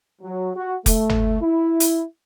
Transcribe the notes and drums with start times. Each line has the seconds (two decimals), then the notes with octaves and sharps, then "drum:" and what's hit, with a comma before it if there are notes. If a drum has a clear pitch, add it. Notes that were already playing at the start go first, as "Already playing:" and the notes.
0.22 F#3
0.55 F#4
0.86 A3, drum: kick F1, hi-hat
1.09 drum: tom
1.42 E4
1.80 drum: hi-hat